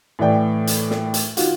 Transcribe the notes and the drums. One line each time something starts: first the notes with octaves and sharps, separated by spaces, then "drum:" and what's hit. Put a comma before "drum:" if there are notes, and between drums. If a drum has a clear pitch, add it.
A2 E3 D5 G5
drum: hi-hat
drum: snare
drum: hi-hat
D#3 F4 F#4, drum: hi-hat